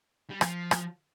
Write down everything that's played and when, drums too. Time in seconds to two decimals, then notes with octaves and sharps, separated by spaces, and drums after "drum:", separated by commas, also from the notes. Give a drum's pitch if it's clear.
0.30 G3
0.41 F3, drum: rim click
0.71 drum: rim click